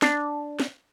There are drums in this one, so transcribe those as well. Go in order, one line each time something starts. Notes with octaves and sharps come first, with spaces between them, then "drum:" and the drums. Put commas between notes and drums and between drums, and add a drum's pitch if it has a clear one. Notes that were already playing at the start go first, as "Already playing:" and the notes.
D4, drum: snare
drum: snare